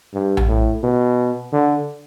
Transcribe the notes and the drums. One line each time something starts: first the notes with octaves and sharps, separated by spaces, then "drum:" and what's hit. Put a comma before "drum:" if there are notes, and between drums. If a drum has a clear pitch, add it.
G2
drum: tom A#1
A2
B2
D3